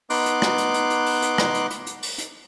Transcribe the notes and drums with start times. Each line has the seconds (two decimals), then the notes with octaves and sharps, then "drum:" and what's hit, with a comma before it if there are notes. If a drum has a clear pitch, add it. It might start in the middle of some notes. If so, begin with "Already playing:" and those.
0.10 B3 D#4 C6 D6 F#6, drum: open hi-hat
0.26 drum: hi-hat
0.42 drum: rim click
0.58 drum: hi-hat
0.74 drum: hi-hat
0.90 drum: hi-hat
1.06 drum: open hi-hat
1.22 drum: hi-hat
1.38 drum: rim click
1.54 drum: hi-hat
1.70 drum: hi-hat
1.87 drum: hi-hat
2.03 drum: open hi-hat
2.19 drum: hi-hat